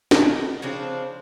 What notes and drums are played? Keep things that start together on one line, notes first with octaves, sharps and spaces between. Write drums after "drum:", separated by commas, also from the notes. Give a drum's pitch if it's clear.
B2 D#3 A#4 B4, drum: snare
C#3 F3 C4 D4